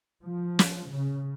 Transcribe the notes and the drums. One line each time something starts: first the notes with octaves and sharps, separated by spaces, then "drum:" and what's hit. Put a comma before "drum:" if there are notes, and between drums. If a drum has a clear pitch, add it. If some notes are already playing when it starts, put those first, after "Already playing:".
F3
drum: snare
C#3